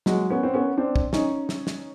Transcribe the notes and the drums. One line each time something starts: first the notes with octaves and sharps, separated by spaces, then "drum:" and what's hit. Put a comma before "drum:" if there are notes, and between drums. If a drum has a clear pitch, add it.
F#3 G#3, drum: snare
B3 C#4
C4
B3 C#4
C4 D4
drum: kick
C#4 D#4, drum: snare
drum: snare
drum: snare